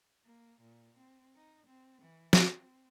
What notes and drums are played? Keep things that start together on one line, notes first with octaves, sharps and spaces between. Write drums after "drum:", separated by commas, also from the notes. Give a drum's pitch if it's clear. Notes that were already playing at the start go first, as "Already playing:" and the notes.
A#3
A#2
C4
D#4
C4
E3
drum: snare
C4